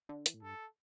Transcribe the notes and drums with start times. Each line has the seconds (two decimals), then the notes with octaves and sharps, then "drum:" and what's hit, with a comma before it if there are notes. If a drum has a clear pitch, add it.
0.09 D3
0.26 E3, drum: hi-hat
0.34 A2
0.42 G2 A4